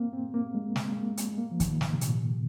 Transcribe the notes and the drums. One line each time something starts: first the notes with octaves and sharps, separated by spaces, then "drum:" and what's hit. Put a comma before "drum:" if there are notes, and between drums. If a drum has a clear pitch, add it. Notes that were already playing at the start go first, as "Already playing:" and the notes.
Already playing: A#3 C4
C4
A#3
G#3
drum: snare
G#3
A#3
drum: hi-hat
G#3
A#3
F3
D#3, drum: kick, hi-hat
G#2, drum: snare
C3
A#2, drum: hi-hat